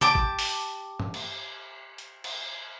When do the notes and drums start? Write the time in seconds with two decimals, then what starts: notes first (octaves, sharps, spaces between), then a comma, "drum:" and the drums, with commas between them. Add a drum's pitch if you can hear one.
0.01 G4 A5 D6, drum: tom C#3
0.15 drum: kick
0.39 drum: open hi-hat
1.00 drum: tom G2
1.14 drum: cymbal
1.98 drum: hi-hat
2.24 drum: cymbal